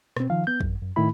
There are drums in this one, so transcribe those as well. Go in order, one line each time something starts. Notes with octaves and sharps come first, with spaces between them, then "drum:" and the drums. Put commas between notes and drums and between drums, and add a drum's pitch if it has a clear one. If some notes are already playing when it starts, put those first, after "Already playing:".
B2 C4, drum: rim click
D#3 F3 F5
B3 G6
F#2, drum: kick
F#2
A2 D#3 A3 E4 B5